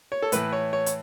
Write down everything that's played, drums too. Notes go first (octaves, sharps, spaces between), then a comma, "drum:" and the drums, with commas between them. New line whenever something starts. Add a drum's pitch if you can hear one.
C#5
A4
A2 E3 B4, drum: hi-hat
C#5
C#5
drum: hi-hat